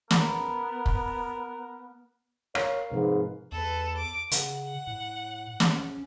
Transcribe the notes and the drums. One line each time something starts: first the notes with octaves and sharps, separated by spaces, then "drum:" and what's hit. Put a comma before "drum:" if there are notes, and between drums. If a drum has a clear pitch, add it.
B3 A#4, drum: snare
drum: kick
A#4 C#5 F5, drum: rim click
G#2 C3 F3 B4
E2 A4 B4
D6
C#3 F#5, drum: hi-hat
A2
C#4, drum: snare